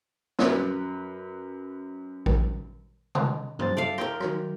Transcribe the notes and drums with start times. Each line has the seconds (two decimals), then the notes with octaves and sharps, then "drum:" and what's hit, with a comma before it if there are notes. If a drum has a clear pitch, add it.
0.39 F#2 B4, drum: snare
2.26 drum: kick A1
3.15 drum: tom C3
3.59 F#2 C5 A6, drum: tom G2
3.77 A4 D5 E5 F5
3.98 A#4 G5, drum: rim click
4.20 D#3 F#3, drum: rim click